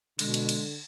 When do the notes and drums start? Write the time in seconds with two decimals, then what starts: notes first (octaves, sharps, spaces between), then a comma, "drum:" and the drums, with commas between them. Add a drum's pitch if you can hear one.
0.19 B2 D3 G#3, drum: cymbal
0.34 drum: cymbal
0.49 drum: cymbal